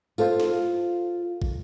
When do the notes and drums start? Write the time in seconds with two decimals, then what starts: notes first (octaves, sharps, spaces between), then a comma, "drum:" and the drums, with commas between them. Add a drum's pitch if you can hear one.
0.18 F4 A4 C5 F5, drum: tambourine
0.40 drum: snare
1.42 drum: kick